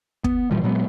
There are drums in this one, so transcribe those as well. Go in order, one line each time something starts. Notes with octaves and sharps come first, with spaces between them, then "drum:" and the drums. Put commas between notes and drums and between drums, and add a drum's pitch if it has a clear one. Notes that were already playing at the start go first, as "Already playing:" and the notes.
B3, drum: kick
A#2 E3 F3 G3
A#2 F#3 G#3 B3